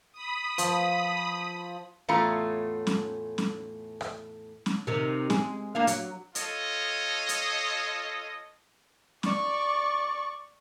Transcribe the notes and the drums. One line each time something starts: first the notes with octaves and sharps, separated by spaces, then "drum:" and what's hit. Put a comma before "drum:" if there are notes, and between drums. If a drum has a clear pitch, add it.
B5 D#6
F3, drum: hi-hat
E2 A2 A3 C#4 F4 A#5
drum: snare C#4
drum: snare C#4
drum: rim click
drum: snare C#4
C3 D#3
G#3, drum: snare C#4
A#3 D4 F5
F#3, drum: hi-hat
F4 A4 C#5 D#5, drum: hi-hat
drum: hi-hat
D5 C#6, drum: snare C#4